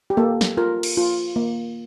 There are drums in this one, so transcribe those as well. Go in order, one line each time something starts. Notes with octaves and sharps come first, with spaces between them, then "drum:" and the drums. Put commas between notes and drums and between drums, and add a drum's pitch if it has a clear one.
G4
A#3 A4
drum: snare
F4 A#4
drum: cymbal
F4
A#3